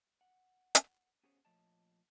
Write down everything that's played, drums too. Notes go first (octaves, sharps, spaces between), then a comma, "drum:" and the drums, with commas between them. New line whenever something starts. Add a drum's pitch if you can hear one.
F#5
drum: hi-hat
B3 C#4 F#4 G#4 C5 C#5
A#2 F3 A3 C#5 D#5 A5